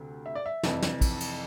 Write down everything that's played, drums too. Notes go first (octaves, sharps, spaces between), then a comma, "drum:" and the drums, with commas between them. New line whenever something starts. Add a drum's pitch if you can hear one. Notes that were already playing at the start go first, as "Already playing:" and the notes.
Already playing: D2 C3
E5
D5
E5
F1 F2 E3, drum: snare
drum: snare
drum: kick, cymbal
drum: cymbal